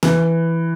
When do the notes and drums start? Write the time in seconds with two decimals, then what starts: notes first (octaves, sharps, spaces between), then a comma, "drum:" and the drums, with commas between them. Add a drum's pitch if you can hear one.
0.03 E3, drum: snare